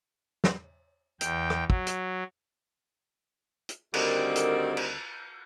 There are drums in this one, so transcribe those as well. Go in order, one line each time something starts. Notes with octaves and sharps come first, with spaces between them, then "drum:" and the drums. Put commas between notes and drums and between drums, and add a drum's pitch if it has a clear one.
drum: snare
E2 G5, drum: hi-hat
drum: rim click
F#3, drum: kick
drum: hi-hat
drum: hi-hat
D2 D3 D#3 G3 C4 A#4, drum: cymbal
drum: hi-hat
drum: cymbal